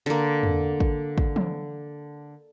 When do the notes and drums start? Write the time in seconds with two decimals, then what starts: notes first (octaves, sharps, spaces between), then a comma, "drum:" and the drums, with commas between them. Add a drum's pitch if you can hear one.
0.06 D3 A#3
0.43 drum: tom E2
0.80 drum: kick
1.18 drum: kick
1.36 drum: tom E3